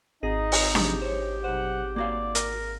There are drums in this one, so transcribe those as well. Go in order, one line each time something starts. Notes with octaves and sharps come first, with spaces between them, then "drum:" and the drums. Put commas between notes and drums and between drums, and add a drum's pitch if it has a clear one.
G#1 D#4 G#4 D#5
drum: open hi-hat
C2 F#2 F3 G4, drum: snare D4
C5 C#5
B1 C5 F#5
A#3 F#4 D5 F5
A#4, drum: hi-hat